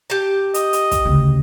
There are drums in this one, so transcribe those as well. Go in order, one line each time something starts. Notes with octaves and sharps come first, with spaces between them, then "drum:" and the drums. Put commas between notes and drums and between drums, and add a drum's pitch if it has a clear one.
G4 A5
D#5, drum: hi-hat
drum: hi-hat
drum: kick, hi-hat
D2 C#3